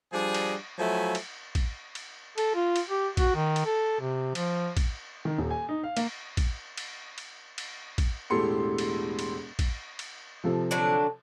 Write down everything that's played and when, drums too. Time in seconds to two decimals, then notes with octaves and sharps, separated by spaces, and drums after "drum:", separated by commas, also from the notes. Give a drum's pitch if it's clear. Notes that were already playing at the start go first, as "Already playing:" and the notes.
0.13 F3 G3 D4 G#4
0.34 drum: cymbal
0.79 F3 F#3 A3 E4 G#5
1.15 drum: cymbal
1.55 drum: kick, cymbal
1.95 drum: cymbal
2.38 A4, drum: cymbal
2.56 F4
2.76 drum: cymbal
2.90 G4
3.17 F#4, drum: kick, cymbal
3.36 D#3
3.56 drum: cymbal
3.66 A4
4.01 C3
4.35 F3, drum: cymbal
4.77 drum: kick, cymbal
5.25 D#3
5.38 D#1
5.51 G#5
5.69 D#4
5.83 F5
5.97 A#3, drum: cymbal
6.37 drum: kick, cymbal
6.77 drum: cymbal
7.18 drum: cymbal
7.58 drum: cymbal
7.98 drum: kick, cymbal
8.30 E1 A2 G4 A4 C6 C#7
8.78 drum: cymbal
9.19 drum: cymbal
9.59 drum: kick, cymbal
9.99 drum: cymbal
10.44 C3 F3 A4
10.71 D3 F#3 D4